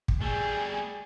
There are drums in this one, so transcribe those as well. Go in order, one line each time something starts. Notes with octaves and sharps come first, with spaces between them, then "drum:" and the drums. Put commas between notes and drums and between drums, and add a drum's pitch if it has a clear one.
drum: kick
G3 A3 G#4